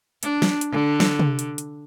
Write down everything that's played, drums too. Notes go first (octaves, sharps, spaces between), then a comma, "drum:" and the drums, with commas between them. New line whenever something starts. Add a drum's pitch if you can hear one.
D4, drum: hi-hat
drum: snare
drum: hi-hat
D3
drum: snare
drum: tom C3
drum: hi-hat
drum: hi-hat